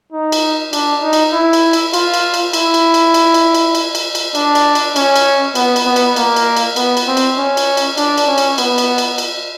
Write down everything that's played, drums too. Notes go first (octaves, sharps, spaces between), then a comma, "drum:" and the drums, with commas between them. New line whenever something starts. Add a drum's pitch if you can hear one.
D#4
drum: cymbal
D4, drum: cymbal
D#4
drum: cymbal
E4
drum: cymbal
drum: cymbal
F4, drum: cymbal
drum: cymbal
drum: cymbal
E4, drum: cymbal
drum: cymbal
drum: cymbal
drum: cymbal
drum: cymbal
drum: cymbal
drum: cymbal
drum: cymbal
drum: cymbal
D4, drum: cymbal
drum: cymbal
drum: cymbal
C#4, drum: cymbal
drum: cymbal
B3, drum: cymbal
drum: cymbal
B3
drum: cymbal
A#3, drum: cymbal
drum: cymbal
drum: cymbal
B3, drum: cymbal
drum: cymbal
C4
drum: cymbal
C#4
drum: cymbal
drum: cymbal
D4, drum: cymbal
drum: cymbal
C#4
drum: cymbal
B3, drum: cymbal
drum: cymbal
drum: cymbal
drum: cymbal